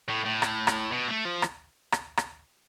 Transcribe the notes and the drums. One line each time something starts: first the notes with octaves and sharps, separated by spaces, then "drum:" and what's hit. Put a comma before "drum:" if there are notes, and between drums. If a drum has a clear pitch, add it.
A2
A2
drum: rim click
drum: rim click
B2
A3
F3
drum: rim click
drum: rim click
drum: rim click